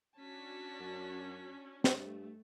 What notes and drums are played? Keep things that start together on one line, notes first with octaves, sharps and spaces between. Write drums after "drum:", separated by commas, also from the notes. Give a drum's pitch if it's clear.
C#4 D4 F#4 A5 B6
F#2
G2 A3, drum: snare